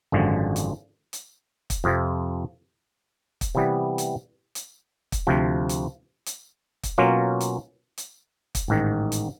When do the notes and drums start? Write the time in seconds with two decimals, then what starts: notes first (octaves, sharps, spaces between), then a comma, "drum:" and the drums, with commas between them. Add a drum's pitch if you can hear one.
0.12 G#1 F#2 D3 F3 G#3
0.56 drum: hi-hat
1.13 drum: hi-hat
1.70 drum: kick, hi-hat
1.84 F2 C3 F3
3.41 drum: kick, hi-hat
3.55 C3 E3 G3 B3
3.98 drum: hi-hat
4.55 drum: hi-hat
5.12 drum: kick, hi-hat
5.27 D2 C3 F3
5.69 drum: hi-hat
6.26 drum: hi-hat
6.83 drum: kick, hi-hat
6.98 B2 F#3 A#3 C#4 F4
7.41 drum: hi-hat
7.98 drum: hi-hat
8.55 drum: kick, hi-hat
8.68 A1 G#2 D#3
9.12 drum: hi-hat